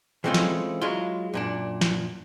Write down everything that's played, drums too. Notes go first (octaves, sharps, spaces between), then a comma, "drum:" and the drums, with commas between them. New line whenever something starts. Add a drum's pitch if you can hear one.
E3 G#3 A3 C4 C#4 F4
drum: snare
F#3 G#3 E4 F4
F#2 A#2 D4
drum: snare